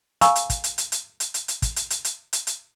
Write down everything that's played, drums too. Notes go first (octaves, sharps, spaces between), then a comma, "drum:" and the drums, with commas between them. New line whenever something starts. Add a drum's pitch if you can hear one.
F5 G#5 A#5 C#6 E6, drum: hi-hat
drum: hi-hat
drum: kick, hi-hat
drum: hi-hat
drum: hi-hat
drum: hi-hat
drum: hi-hat
drum: hi-hat
drum: hi-hat
drum: kick, hi-hat
drum: hi-hat
drum: hi-hat
drum: hi-hat
drum: hi-hat
drum: hi-hat